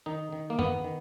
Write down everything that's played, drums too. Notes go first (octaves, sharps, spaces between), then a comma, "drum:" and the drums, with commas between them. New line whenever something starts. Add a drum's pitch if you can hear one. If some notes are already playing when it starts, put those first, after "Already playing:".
D#3 D#4
D#3
A#3
D#3 B3, drum: tom
D#3